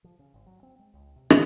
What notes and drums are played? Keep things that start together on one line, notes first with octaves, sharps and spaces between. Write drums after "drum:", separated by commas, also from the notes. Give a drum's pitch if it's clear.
F3
C#3
G#1
F#3
C4
G#3
C#2
C3
D2, drum: rim click